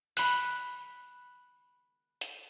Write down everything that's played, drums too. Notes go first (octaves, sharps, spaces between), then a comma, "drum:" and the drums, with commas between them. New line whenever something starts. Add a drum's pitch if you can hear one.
B5 F#6, drum: open hi-hat
drum: hi-hat